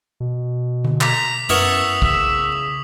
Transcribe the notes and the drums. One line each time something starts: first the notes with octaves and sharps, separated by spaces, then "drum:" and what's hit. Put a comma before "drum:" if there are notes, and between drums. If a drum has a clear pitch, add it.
B2
drum: tom D3
A#5 D6 B6, drum: clap
F#2 B3 E4 A4 A#4 C#6 D#6 F7
C#3 E5, drum: kick